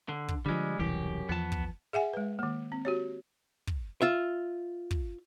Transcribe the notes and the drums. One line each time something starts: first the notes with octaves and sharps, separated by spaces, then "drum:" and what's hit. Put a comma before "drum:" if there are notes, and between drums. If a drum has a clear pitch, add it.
D3
drum: kick
D3 F3 G3 G#3
E1 C2 F#2 E3 G4
E2 F3 B3 A5
drum: kick
G#4 E5 F#5 G#5
G#3 B4
D#3 A#3
C4
F#4 G4 C#5
drum: kick
F4 E5
drum: kick